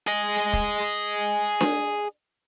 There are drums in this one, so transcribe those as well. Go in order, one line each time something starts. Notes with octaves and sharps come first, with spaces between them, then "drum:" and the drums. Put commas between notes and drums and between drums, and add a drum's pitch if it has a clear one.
G#4 D#5
drum: kick
drum: snare D4